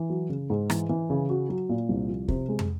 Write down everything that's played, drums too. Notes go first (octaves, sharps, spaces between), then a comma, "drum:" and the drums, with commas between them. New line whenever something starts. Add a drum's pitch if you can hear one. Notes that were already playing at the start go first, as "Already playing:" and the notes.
Already playing: E3
F#3
C#3
G#2
E3, drum: rim click
E3
C#3
F#4
F#3
A#2
C2
F3
C3, drum: kick
G#3
drum: tom